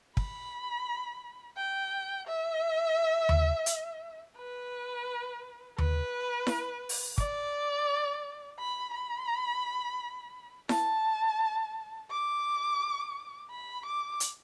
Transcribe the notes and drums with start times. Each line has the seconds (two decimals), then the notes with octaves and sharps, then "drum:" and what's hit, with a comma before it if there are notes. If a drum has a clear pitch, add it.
0.17 B5, drum: kick
1.57 G5
2.28 E5
3.29 drum: tom D#2
3.66 drum: hi-hat
4.38 B4
5.78 B4, drum: tom D#2
6.47 drum: snare E4
6.89 drum: open hi-hat
7.18 D5, drum: kick
8.59 B5
8.94 B5
10.69 A5, drum: snare E4
12.10 D6
13.51 B5
13.86 D6
14.20 drum: hi-hat